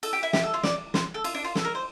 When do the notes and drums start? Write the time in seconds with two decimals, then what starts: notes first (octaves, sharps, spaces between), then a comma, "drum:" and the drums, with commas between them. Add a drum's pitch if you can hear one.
0.03 A4, drum: cymbal
0.13 G4
0.23 E4
0.33 G4, drum: snare
0.43 A4
0.54 F4
0.63 D5, drum: snare
0.94 C5, drum: snare
1.14 A4
1.24 F4, drum: cymbal
1.35 D4
1.44 F4
1.55 A4, drum: snare
1.65 A#4
1.75 C5